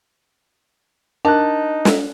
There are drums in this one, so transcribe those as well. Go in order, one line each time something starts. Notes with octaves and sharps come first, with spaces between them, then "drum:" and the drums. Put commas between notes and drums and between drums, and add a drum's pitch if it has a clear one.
D4 D#4 A#4 A5 F#6
drum: snare